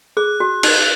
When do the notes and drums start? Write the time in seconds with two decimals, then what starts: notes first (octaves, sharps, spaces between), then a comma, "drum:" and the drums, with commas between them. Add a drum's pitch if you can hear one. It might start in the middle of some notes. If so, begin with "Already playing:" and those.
0.17 G#4 F#6
0.40 F#4
0.63 D#4 F#6, drum: cymbal